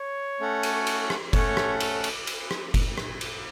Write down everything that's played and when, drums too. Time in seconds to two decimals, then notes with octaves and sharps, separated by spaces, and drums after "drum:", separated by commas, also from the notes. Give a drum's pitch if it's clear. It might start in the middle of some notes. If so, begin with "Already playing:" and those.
Already playing: C#5
0.40 A3 C#4 A4 F#5
0.63 drum: cymbal
0.87 drum: cymbal
1.10 drum: rim click
1.33 A3 C#4 A4 C#5 F#5, drum: kick F#1, cymbal
1.57 drum: rim click
1.80 drum: cymbal
2.04 drum: cymbal
2.27 drum: cymbal
2.51 drum: rim click
2.74 drum: kick F#1, cymbal
2.98 drum: rim click
3.21 drum: cymbal